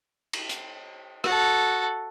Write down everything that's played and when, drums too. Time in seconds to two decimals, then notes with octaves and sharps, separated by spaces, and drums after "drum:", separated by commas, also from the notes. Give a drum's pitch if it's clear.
0.33 drum: cymbal
0.49 drum: hi-hat
1.24 F#4 A4, drum: rim click